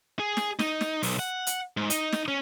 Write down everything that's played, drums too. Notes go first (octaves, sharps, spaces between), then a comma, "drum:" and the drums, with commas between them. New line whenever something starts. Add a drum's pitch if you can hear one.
G#4
drum: snare
D#4, drum: snare
drum: snare
B1, drum: open hi-hat
F#5
drum: hi-hat
G#2
D#4, drum: hi-hat
drum: snare
C#4